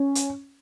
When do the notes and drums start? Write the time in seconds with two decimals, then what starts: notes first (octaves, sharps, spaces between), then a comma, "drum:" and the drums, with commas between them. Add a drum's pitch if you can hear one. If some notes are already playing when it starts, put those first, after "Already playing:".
Already playing: C#4
0.15 drum: hi-hat